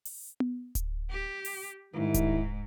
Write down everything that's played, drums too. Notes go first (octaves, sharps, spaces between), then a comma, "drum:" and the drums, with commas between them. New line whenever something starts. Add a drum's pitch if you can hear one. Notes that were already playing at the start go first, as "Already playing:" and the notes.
drum: open hi-hat
drum: tom B3
drum: kick D1, hi-hat
G4
drum: open hi-hat
G#2 D#3 G3 E4
drum: kick D1, hi-hat